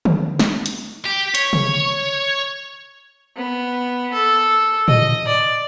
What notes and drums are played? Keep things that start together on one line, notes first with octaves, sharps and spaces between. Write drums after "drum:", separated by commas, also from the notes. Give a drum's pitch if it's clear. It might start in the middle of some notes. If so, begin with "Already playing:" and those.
drum: tom D3
drum: snare
drum: hi-hat
G4
C#5, drum: hi-hat
drum: tom C3
B3
A4
D#5, drum: tom A2
D5